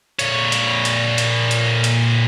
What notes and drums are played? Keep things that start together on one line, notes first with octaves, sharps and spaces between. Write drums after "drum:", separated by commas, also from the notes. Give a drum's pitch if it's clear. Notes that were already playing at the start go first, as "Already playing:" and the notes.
A#2 C#5, drum: hi-hat
drum: hi-hat
drum: hi-hat
drum: hi-hat
drum: hi-hat
drum: hi-hat